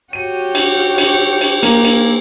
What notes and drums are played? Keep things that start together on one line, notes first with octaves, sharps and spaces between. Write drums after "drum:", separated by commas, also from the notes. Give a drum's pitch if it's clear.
F#4 G4 C#5 D#7
drum: cymbal
drum: cymbal
drum: cymbal
A#3, drum: cymbal
drum: cymbal